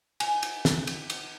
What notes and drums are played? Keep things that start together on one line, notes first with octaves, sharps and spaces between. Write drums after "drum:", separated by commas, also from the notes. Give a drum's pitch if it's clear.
G#5, drum: cymbal
drum: cymbal
drum: snare
drum: cymbal
drum: cymbal